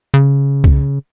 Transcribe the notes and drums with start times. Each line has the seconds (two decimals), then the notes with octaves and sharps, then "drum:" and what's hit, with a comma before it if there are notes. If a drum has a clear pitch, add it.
0.14 C#3
0.64 drum: kick C2